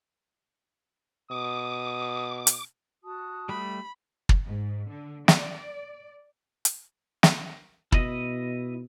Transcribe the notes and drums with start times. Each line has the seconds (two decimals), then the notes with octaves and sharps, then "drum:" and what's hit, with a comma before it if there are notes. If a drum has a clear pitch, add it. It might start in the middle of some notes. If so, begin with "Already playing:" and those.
1.31 B2 D6 D#6
2.47 drum: hi-hat
3.03 F#4 A5 D#6
3.49 G3 A3 B5
4.29 drum: kick
4.45 G#2
4.90 D3
5.28 D5, drum: snare
6.65 drum: hi-hat
7.23 drum: snare
7.92 B2 E4 D#5, drum: kick